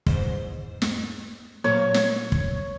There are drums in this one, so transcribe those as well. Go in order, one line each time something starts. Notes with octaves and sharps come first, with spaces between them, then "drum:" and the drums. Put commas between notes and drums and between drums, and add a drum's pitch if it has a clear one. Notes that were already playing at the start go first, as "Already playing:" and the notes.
E2 G#2 C5, drum: kick
drum: snare
A#2 F#3 A#3 C#5
drum: snare
drum: kick